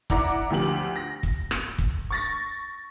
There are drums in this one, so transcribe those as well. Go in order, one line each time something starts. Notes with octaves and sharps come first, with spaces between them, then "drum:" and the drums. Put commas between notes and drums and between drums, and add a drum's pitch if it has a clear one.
E4 D5 F#5 A#5 D6, drum: kick
D2 F3 G4 F#7
A#6
drum: kick
drum: rim click
drum: kick
C#6 A6 A#6